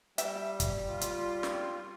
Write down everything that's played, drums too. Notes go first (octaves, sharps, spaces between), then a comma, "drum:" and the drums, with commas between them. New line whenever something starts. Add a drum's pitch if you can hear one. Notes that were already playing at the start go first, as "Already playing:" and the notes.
G3 E5 G5, drum: hi-hat
drum: kick, hi-hat
F4
drum: hi-hat
drum: snare